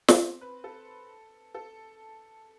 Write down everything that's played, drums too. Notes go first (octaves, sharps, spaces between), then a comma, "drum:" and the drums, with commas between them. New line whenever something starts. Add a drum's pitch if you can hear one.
drum: snare
C4
B4
A4
A4